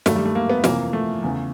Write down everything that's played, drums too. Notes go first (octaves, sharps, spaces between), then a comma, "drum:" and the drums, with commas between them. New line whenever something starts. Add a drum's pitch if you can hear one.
G2 D#3 A3, drum: snare
G3
A3
A#3
B3
F2 C3 E3 A#3, drum: snare
A3
E2 C#3 E3